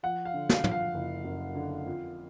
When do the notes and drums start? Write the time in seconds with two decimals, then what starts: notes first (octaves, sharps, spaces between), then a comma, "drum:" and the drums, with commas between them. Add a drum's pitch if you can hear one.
0.03 F3 F#5
0.25 F5
0.34 D3
0.49 F5, drum: snare
0.64 F3, drum: tom
0.71 F5
0.95 F#1
1.25 F#2
1.55 D3
1.85 F2